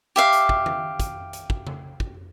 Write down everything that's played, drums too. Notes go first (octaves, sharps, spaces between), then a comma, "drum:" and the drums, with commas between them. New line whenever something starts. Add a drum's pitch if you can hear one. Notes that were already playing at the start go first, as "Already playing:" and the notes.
G4 E5 F5
drum: hi-hat
drum: kick
drum: tom D#3
drum: kick, hi-hat
drum: hi-hat
drum: kick
drum: tom C#3
drum: kick